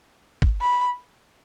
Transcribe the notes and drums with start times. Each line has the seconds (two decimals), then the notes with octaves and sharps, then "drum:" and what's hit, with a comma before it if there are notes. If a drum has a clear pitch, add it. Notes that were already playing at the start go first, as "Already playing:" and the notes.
0.42 drum: kick
0.61 B5